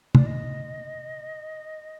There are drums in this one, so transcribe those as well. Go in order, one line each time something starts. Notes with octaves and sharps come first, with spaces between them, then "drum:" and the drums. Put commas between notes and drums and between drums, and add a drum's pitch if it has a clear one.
D5, drum: tom
D#5